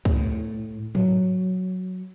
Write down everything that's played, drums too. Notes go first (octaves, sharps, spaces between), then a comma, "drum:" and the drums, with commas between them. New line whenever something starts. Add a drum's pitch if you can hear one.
A2, drum: kick C2
F#3, drum: tom G#2